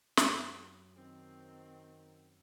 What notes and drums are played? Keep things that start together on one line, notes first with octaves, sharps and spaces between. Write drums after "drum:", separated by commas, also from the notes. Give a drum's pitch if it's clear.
F#2, drum: snare
D#3 C4